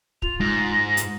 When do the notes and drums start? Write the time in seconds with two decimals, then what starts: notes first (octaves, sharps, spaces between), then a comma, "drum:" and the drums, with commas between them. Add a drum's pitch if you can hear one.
0.22 F4 F7, drum: kick
0.40 G#2 A#6
0.97 drum: hi-hat